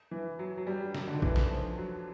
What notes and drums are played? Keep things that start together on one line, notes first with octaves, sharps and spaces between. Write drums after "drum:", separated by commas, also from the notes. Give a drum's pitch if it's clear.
E3
F#3
F#3
G3
F#3, drum: snare
D3
D#3
E3, drum: kick A#1
drum: snare
F3
F#3